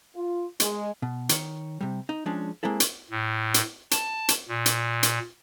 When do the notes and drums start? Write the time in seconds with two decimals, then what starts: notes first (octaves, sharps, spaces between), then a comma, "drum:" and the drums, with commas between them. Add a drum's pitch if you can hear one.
0.15 F4
0.60 G#3, drum: hi-hat
1.02 B2
1.29 D#3 C#5, drum: hi-hat
1.81 C3 G3
2.09 D#4
2.26 F3 G#3 C#4 D4
2.63 G#3 A#3 C4 E4 A4
2.80 drum: hi-hat
3.11 A2
3.54 drum: hi-hat
3.91 A5, drum: hi-hat
4.28 drum: hi-hat
4.48 A#2
4.66 drum: hi-hat
5.03 drum: hi-hat